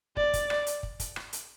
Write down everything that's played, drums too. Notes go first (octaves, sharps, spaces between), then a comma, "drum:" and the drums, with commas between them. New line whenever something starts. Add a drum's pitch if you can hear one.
D5, drum: kick
drum: kick, hi-hat
drum: rim click
drum: hi-hat
drum: kick
drum: kick, hi-hat
drum: rim click
drum: hi-hat